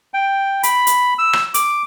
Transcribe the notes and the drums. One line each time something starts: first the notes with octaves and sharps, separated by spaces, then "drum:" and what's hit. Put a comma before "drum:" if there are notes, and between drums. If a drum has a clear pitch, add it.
G5
B5, drum: hi-hat
drum: hi-hat
E6
drum: rim click
D6, drum: hi-hat